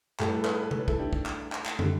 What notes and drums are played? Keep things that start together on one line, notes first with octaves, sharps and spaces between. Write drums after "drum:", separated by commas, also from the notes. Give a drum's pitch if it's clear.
A2 G3 A4, drum: clap
B4
A4
B4, drum: clap
A4
B4
A4, drum: tom C3
B4
E4 A4, drum: kick
D4 G4
drum: kick
drum: clap
drum: clap
drum: clap
D3 G3, drum: tom